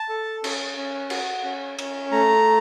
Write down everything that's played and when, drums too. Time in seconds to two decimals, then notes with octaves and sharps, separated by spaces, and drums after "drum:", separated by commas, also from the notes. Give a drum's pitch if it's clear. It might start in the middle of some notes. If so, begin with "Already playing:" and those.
Already playing: A5
0.09 A4
0.44 C#4, drum: cymbal
0.76 C#4
1.10 F#4, drum: cymbal
1.44 C#4
1.79 C#4, drum: cymbal
2.11 A3 A#5